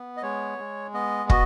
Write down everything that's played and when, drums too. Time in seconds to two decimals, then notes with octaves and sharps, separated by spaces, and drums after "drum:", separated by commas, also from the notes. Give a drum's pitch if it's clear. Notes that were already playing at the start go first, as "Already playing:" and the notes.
Already playing: B3
0.17 D#5
0.22 G#3 C#5
0.58 G#3
0.94 B3 D#5
1.30 F#4 D#5, drum: kick